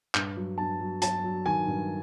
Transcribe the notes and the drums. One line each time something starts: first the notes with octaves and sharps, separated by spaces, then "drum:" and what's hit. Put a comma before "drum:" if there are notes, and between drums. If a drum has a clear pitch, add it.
G2, drum: clap
F#3
G2 A5
F#3
F#3 A5, drum: hi-hat
F#3
D#3 G#5
G2